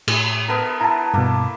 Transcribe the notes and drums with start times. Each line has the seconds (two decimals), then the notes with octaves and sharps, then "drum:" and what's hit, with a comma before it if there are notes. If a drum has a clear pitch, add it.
0.08 A2, drum: cymbal
0.48 B3 A4 A#4
0.81 E4 A4 A5 A#5
1.14 G2 B2 A#3 A4